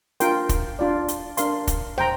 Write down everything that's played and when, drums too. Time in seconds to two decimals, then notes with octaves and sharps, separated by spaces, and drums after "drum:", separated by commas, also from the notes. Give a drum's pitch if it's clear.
0.20 D4 F4 A#4 G5 C6, drum: hi-hat
0.49 drum: kick, hi-hat
0.79 D4 F4 D5
1.08 drum: hi-hat
1.37 D4 A#4 F5 C6, drum: hi-hat
1.67 drum: kick, hi-hat
1.98 C5 G5 A#5, drum: tom